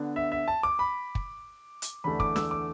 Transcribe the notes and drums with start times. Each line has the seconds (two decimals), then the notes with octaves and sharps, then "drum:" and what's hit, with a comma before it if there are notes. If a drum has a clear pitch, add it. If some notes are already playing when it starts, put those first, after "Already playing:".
Already playing: D3 B3 D4
0.16 E5
0.32 E5
0.48 A5
0.63 D6
0.79 B5
1.15 drum: kick
1.82 drum: hi-hat
2.04 E2 D3 A3 D4 B5
2.20 D6, drum: kick
2.36 E6, drum: snare
2.51 D6